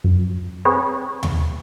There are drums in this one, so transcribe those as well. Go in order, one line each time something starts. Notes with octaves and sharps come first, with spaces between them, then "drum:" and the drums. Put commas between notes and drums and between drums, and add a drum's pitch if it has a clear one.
F#2
C4 G#4 B4 C#5
drum: tom D#2